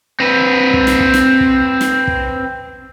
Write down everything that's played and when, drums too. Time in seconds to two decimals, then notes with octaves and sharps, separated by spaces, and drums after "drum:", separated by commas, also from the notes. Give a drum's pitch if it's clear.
0.20 C4 B4
0.73 drum: kick
0.87 drum: snare
1.00 drum: kick
1.14 drum: snare
1.40 drum: kick
1.81 drum: snare
2.07 drum: kick